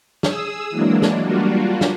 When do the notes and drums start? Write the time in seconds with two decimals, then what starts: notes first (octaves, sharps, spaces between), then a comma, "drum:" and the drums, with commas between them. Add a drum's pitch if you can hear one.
0.23 G#4 D#6 E6, drum: snare
0.70 E3 F#3 G#3 A#3 D4
1.02 drum: snare
1.24 G3 A#3 D4 F4 F#4
1.81 drum: snare